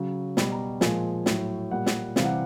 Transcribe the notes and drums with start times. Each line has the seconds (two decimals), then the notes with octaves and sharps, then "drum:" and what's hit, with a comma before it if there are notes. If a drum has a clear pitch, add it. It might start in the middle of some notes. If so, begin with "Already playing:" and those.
Already playing: C#3 F#3
0.37 B2 G3 B5, drum: snare
0.52 A#5
0.81 A#2 F3 G#3 G#5, drum: snare
1.26 A2 F#3, drum: snare
1.71 A#2 G3 F#5
1.86 drum: snare
2.16 C3 E3 G3 F5, drum: snare
2.25 F#5